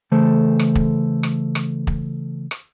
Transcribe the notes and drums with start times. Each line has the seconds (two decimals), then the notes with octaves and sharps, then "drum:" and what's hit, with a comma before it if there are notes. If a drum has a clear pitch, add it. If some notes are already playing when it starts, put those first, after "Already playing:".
0.12 C#3 E3 A3 A4 C5
0.59 drum: rim click
0.75 drum: kick
1.23 drum: rim click
1.55 drum: rim click
1.87 drum: kick
2.51 drum: rim click